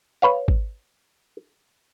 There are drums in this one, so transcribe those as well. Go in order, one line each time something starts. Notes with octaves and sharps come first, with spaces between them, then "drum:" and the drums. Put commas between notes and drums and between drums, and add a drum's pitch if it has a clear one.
B4 C#5 F5
drum: kick G#1